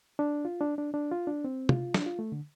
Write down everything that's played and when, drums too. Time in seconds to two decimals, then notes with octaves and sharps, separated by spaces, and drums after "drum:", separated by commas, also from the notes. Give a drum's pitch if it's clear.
0.19 D4
0.45 F4
0.60 D4
0.78 D4
0.94 D4
1.11 F4
1.27 D4
1.44 C4
1.69 F4, drum: tom
1.94 D4, drum: snare
2.06 F4
2.19 A3
2.32 D3